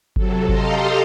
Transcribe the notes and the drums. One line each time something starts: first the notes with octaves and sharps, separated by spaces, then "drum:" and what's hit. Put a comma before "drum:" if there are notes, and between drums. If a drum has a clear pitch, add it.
C3 F#3 A4, drum: kick G1
G4 A4 D#5 F5 A#5 C6, drum: kick G1